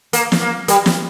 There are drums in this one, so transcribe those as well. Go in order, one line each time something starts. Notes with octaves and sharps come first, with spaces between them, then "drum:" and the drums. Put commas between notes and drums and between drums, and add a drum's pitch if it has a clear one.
A#3, drum: hi-hat
drum: snare
A#3
G3, drum: hi-hat
drum: snare